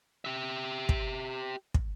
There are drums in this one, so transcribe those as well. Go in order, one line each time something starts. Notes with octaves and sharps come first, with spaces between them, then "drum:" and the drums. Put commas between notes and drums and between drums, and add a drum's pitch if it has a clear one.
G4 E5
drum: kick
drum: kick